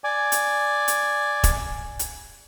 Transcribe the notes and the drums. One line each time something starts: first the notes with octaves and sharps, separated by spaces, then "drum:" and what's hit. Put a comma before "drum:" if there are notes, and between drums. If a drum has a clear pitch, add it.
D5 G#5
drum: hi-hat
drum: hi-hat
drum: kick E1, hi-hat
drum: hi-hat